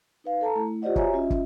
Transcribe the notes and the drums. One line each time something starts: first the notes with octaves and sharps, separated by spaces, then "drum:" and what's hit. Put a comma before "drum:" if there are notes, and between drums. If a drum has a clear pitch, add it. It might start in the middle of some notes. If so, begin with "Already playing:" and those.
D#4 B4 F5
A4 A5 A#5
A3 E4
F4 G4 C5 D5 D#5 F#5
F#4 G4 C#5 E5 G#5 A#5, drum: kick
C#4 F4 D#5 E5
drum: kick